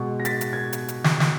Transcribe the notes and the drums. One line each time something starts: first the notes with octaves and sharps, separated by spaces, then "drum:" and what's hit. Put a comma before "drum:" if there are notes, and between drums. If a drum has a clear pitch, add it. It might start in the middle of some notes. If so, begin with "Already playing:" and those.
Already playing: B2 G#3
A#6
A6 B6, drum: hi-hat
drum: hi-hat
G#6
drum: hi-hat
drum: hi-hat
drum: snare
drum: snare